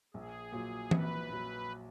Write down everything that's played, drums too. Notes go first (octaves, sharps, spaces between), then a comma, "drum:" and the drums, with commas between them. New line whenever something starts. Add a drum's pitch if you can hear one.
A#1 G#4
A#2 F#3
A#1 B4, drum: tom E3
A#2 F#3